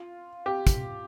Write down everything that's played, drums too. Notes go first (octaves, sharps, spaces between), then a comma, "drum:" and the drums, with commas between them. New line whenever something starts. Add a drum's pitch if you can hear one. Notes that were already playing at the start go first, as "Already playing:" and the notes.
Already playing: F4
G4
drum: kick, hi-hat